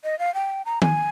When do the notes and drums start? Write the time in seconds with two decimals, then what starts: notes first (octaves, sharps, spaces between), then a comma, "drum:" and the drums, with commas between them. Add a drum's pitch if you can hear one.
0.04 D#5
0.19 F5
0.34 G5
0.66 A#5
0.82 G#5, drum: tom D#3